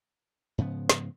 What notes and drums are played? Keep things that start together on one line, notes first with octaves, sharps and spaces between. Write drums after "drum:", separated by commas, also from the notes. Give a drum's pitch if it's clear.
G#2 C#3 F3 B3
drum: snare